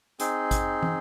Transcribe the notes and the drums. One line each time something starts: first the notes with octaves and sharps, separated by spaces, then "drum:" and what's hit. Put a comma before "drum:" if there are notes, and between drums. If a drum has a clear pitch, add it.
C4 D#4 G#4, drum: hi-hat
drum: kick G#1, hi-hat
drum: tom